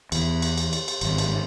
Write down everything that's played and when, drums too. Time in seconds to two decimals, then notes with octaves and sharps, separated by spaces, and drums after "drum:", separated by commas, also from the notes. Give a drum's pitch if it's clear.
0.12 E2, drum: cymbal
0.42 drum: cymbal
0.58 drum: cymbal
0.73 drum: cymbal
0.88 drum: cymbal
1.01 G#1 G2, drum: cymbal
1.18 drum: cymbal